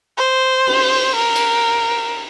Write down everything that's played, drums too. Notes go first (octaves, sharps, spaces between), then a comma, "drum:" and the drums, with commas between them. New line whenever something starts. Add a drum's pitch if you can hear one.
C5
drum: cymbal
A#4
drum: cymbal